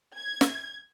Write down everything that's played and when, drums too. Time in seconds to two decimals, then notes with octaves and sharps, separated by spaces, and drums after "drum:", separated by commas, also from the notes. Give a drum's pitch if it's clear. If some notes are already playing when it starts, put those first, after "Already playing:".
0.18 G#6
0.41 drum: snare